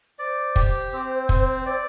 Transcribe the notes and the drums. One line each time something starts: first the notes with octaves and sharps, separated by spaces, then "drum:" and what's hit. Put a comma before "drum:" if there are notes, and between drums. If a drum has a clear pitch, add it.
C5 D5
G4, drum: kick
C4
C4, drum: kick
D5